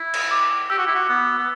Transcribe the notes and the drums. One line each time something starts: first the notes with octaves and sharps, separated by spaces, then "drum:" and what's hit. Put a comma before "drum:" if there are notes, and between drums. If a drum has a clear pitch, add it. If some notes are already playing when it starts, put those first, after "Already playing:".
Already playing: E4
drum: cymbal
D6
G4 E6
F#4
E4
F#4
B3
B3